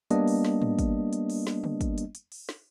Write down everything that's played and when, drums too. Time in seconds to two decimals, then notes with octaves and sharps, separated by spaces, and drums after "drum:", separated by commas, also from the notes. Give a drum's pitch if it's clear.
0.11 G3 A#3 B3 D4 D#5, drum: hi-hat
0.28 drum: open hi-hat
0.45 drum: snare
0.62 drum: tom
0.79 drum: kick, hi-hat
1.13 drum: hi-hat
1.30 drum: open hi-hat
1.47 drum: snare
1.64 drum: tom
1.81 drum: kick, hi-hat
1.98 drum: hi-hat
2.15 drum: hi-hat
2.32 drum: open hi-hat
2.49 drum: snare